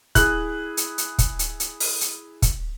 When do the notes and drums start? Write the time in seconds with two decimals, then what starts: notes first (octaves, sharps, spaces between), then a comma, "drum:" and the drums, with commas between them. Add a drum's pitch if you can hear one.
0.15 E4 G#4 F#6, drum: kick, hi-hat
0.77 drum: hi-hat
0.98 drum: hi-hat
1.19 drum: kick, hi-hat
1.39 drum: hi-hat
1.60 drum: hi-hat
1.80 drum: open hi-hat
2.01 drum: hi-hat
2.42 drum: kick, hi-hat